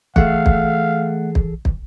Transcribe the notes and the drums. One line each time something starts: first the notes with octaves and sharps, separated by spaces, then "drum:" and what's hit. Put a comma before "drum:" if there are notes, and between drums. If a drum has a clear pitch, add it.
E3 A3 G#4 A4 F5 F#5, drum: kick
drum: kick
drum: kick
drum: kick